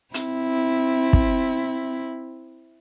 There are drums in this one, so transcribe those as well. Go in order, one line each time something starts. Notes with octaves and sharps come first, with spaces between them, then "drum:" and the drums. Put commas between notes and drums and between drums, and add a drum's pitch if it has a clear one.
C4 E4, drum: hi-hat
drum: kick